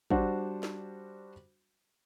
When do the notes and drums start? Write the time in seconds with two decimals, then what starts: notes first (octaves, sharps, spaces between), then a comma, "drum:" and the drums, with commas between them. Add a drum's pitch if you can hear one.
0.10 G3 D4 F#4 C5, drum: kick
0.63 drum: snare